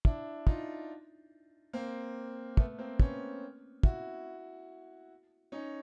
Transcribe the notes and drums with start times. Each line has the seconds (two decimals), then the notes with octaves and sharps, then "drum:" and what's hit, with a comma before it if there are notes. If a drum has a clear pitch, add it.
0.05 D4 E4, drum: kick
0.47 D#4 F4, drum: kick
1.73 A#3 C4
2.57 A3 B3, drum: kick
2.79 A#3 C4
3.00 B3 C#4, drum: kick
3.83 E4 F#4, drum: kick
5.52 C#4 D#4